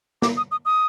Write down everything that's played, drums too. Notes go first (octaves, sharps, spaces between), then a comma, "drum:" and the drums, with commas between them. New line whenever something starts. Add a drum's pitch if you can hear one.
D6, drum: snare
D#6
D#6
D#6